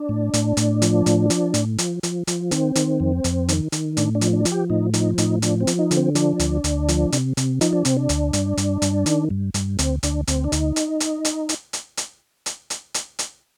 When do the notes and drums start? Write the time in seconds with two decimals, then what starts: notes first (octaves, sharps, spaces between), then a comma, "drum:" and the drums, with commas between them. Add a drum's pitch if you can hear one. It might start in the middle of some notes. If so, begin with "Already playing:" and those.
Already playing: D4
0.09 A2
0.34 A2, drum: hi-hat
0.57 A2, drum: hi-hat
0.82 F3, drum: hi-hat
1.06 A2, drum: hi-hat
1.30 F3, drum: hi-hat
1.54 A2, drum: hi-hat
1.78 F3, drum: hi-hat
2.03 F3, drum: hi-hat
2.27 F3, drum: hi-hat
2.51 D#3 C4, drum: hi-hat
2.75 D#3, drum: hi-hat
3.00 F2
3.24 F2, drum: hi-hat
3.49 D#3, drum: hi-hat
3.72 D#3, drum: hi-hat
3.97 A2 D4, drum: hi-hat
4.15 D4
4.21 F3, drum: hi-hat
4.33 D4
4.45 F3, drum: hi-hat
4.52 G4
4.70 A2 D#4
4.94 F3 D#4, drum: hi-hat
5.18 A2 D#4, drum: hi-hat
5.42 F3 D4, drum: hi-hat
5.60 C4
5.67 F3, drum: hi-hat
5.79 D#4
5.91 D3, drum: hi-hat
5.97 C4
6.15 F3 D4, drum: hi-hat
6.39 D2, drum: hi-hat
6.64 D2, drum: hi-hat
6.88 F3, drum: hi-hat
7.12 C3, drum: hi-hat
7.37 C3, drum: hi-hat
7.61 F3 D#4, drum: hi-hat
7.73 D4
7.85 C3 C4, drum: hi-hat
7.97 D4
8.09 D2, drum: hi-hat
8.33 G2, drum: hi-hat
8.57 G2, drum: hi-hat
8.82 G2, drum: hi-hat
9.06 D#3, drum: hi-hat
9.30 G2
9.54 G2, drum: hi-hat
9.79 D2 C4, drum: hi-hat
10.03 D2 D4, drum: hi-hat
10.27 D2 C4, drum: hi-hat
10.44 D4
10.52 D2 D#4, drum: hi-hat
10.76 drum: hi-hat
11.00 drum: hi-hat
11.25 drum: hi-hat
11.49 drum: hi-hat
11.73 drum: hi-hat
11.97 drum: hi-hat
12.46 drum: hi-hat
12.70 drum: hi-hat
12.94 drum: hi-hat
13.19 drum: hi-hat